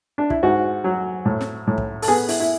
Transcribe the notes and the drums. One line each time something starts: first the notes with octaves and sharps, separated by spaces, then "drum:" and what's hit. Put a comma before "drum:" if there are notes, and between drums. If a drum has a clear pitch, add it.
D4
E4, drum: kick
G#2 F#4
F#3
A2
drum: snare
A2
drum: kick
A4, drum: open hi-hat
B3 G#4
E4, drum: open hi-hat
E4